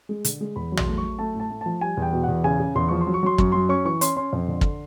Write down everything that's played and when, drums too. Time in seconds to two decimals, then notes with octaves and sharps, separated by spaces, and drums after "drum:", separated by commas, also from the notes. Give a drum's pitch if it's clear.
0.09 G#3
0.25 D3, drum: hi-hat
0.41 G#3
0.56 E2 B5
0.72 F#3
0.77 C6, drum: tom
0.87 A3
0.98 C#6
1.03 F#3
1.19 A3 A5
1.34 A2
1.40 A5
1.50 A3
1.61 F3 A5
1.81 G3 G#5
1.97 E2
2.02 G5
2.13 B2
2.24 E2 F#5
2.44 C#3 G#5
2.60 C#3
2.75 E2 C6
2.88 F3 C#6
3.01 C6
3.07 F#3
3.14 C#6
3.23 F#3 C6
3.38 F#2 C#6, drum: kick
3.52 F#3 C6
3.69 C#4 C#6
3.85 E3 C#6
4.01 C#4 C6, drum: hi-hat
4.17 C#4 C6
4.33 F2
4.48 D3
4.61 drum: kick